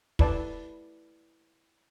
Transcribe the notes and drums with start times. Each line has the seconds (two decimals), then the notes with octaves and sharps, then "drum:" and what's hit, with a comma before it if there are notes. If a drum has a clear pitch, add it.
0.19 E4 B4 D5 A5, drum: kick